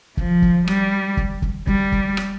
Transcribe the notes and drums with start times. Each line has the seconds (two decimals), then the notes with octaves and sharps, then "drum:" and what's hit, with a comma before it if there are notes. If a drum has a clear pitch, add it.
0.17 F3, drum: kick
0.42 drum: kick
0.68 G3, drum: rim click
1.17 drum: kick
1.42 drum: kick
1.67 G3, drum: kick
1.92 drum: kick
2.17 drum: rim click